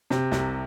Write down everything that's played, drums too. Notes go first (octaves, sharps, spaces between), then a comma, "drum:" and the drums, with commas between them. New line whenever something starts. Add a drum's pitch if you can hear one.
C3, drum: snare
C2, drum: snare